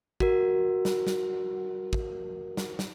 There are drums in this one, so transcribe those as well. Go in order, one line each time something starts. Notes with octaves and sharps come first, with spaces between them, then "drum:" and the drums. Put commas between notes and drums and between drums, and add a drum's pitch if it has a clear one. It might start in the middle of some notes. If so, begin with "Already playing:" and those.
F#4 A#4, drum: kick
drum: snare
drum: snare
drum: kick
drum: snare
drum: snare